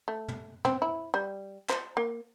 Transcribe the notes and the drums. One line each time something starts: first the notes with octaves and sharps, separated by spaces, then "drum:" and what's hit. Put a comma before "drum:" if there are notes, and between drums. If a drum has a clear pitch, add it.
A3
drum: tom
C4, drum: tom
E4
G3
C5, drum: clap
A#3